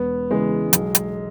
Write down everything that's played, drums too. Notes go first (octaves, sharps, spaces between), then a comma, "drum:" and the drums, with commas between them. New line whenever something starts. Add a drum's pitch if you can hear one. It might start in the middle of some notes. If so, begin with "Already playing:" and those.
Already playing: E1 B3
E2 C#3 E3 G#3
B1, drum: hi-hat
drum: hi-hat